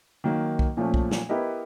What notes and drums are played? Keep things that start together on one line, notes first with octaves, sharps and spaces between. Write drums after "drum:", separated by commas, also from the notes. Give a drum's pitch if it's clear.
D#3 F#3 A#3
drum: kick
A#2 F3 A3 C#4
drum: kick
drum: snare
B3 E4 G4 A#4 D#5